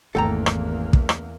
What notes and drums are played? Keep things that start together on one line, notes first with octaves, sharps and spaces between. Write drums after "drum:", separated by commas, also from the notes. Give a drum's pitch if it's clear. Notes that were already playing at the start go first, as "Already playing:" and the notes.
G#1 E2 A3 A#3 C#4 A4 G5 A#5
drum: rim click
drum: kick
drum: rim click